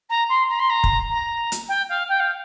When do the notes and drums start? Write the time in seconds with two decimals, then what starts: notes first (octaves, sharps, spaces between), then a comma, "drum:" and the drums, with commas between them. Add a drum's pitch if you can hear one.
0.09 A#5
0.29 C6
0.49 A#5
0.59 C6
0.69 A#5
0.84 drum: kick
1.09 A#5
1.52 drum: hi-hat
1.68 G5
1.89 F5
2.09 G5
2.20 F5